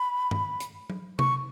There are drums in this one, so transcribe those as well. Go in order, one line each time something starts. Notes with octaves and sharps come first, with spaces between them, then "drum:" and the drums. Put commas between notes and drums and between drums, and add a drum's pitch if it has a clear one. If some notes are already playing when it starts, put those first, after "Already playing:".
Already playing: B5
drum: tom G2
drum: hi-hat
drum: tom F#3
C#6, drum: tom C3